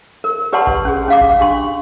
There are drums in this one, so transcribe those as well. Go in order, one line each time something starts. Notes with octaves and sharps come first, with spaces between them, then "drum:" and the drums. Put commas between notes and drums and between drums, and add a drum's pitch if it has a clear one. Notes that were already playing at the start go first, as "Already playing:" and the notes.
A#4
G4 B4 D5 F#5 A5 C6
drum: kick A1
C#4 G#4
C#4 F5 D6
drum: kick A1
D4 G4 C6